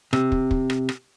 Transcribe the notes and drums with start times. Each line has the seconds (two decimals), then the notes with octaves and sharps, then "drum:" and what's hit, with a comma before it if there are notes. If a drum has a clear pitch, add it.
0.13 C3, drum: rim click
0.32 drum: kick
0.51 drum: kick
0.70 drum: rim click
0.89 drum: rim click